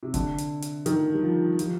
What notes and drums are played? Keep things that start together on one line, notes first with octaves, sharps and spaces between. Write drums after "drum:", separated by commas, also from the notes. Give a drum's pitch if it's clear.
C3
D3, drum: kick G1, hi-hat
drum: hi-hat
drum: hi-hat
D#3, drum: hi-hat
G3
F3
F3, drum: hi-hat